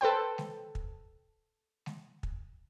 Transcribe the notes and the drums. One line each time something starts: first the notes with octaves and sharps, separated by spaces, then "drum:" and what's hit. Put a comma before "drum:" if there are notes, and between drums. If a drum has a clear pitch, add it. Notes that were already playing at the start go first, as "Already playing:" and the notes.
A4 B4 C5 G5
drum: snare G#3
drum: kick
drum: snare G#3
drum: kick